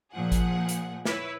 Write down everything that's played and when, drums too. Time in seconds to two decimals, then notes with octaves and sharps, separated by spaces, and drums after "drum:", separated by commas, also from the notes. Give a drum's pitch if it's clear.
0.12 A#2 F3 G#4 F#5
0.32 drum: kick G#1, hi-hat
0.69 drum: hi-hat
1.05 E4 B4 C#5, drum: snare